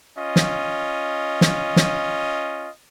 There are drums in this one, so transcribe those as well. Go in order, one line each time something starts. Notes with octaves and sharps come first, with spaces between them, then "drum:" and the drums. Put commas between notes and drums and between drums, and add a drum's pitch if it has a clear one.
C#4 F4 D#5
drum: snare
drum: snare
drum: snare